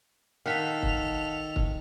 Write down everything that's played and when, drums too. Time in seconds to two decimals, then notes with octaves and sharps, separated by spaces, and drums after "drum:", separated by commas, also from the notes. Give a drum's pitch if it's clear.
0.46 D#3 A4 F5 F#5 B6 F7
0.82 drum: kick
1.56 drum: kick